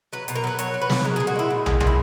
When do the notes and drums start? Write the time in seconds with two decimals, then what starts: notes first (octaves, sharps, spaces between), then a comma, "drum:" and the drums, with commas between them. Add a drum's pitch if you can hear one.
0.13 F#3 B4
0.28 B2, drum: hi-hat
0.35 A#4
0.44 F#3 B4
0.59 B2 C#5, drum: hi-hat
0.74 F#3
0.82 B4
0.90 B2, drum: snare
1.05 G#3 A#4
1.16 A#2 G#4
1.27 F#4
1.36 G#3 E4
1.50 A#2
1.66 G#3, drum: tom
1.80 A#2, drum: tom
1.87 E4